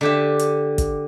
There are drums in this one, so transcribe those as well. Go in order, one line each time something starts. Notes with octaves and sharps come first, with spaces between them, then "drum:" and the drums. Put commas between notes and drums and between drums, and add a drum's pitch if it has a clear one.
D3 G4 E5
drum: hi-hat
drum: kick, hi-hat